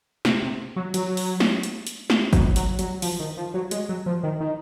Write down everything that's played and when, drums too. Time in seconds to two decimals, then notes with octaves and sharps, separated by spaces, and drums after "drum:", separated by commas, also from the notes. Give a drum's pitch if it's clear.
0.25 C3, drum: snare
0.42 C3
0.76 F#3
0.94 F#3, drum: hi-hat
1.17 drum: open hi-hat
1.40 drum: snare
1.63 drum: hi-hat
1.87 drum: hi-hat
2.10 drum: snare
2.33 F#3, drum: kick, hi-hat
2.56 F#3, drum: hi-hat
2.79 F#3, drum: hi-hat
3.02 F3, drum: open hi-hat
3.20 D#3
3.37 F3
3.54 F#3
3.71 G#3, drum: hi-hat
3.89 F#3
4.06 F3
4.23 D#3
4.40 D#3